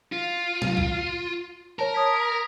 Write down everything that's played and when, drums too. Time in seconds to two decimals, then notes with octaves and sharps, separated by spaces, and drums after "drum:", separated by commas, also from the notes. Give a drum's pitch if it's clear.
0.12 F4
0.62 drum: tom
0.77 drum: kick C2
1.79 A#4 C#5 A5
1.94 D#6 G#6 B6